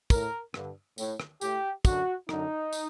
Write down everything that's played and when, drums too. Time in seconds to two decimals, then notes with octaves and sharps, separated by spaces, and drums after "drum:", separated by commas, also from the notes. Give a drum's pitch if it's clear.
0.10 A2 A#4, drum: kick, tambourine
0.54 G2 D3, drum: rim click
0.98 A2, drum: tambourine
1.20 drum: rim click
1.41 A2 G4, drum: tambourine
1.85 F#2 D3 F#4, drum: kick, tambourine
2.29 F#2 D3 D#4, drum: rim click
2.73 drum: tambourine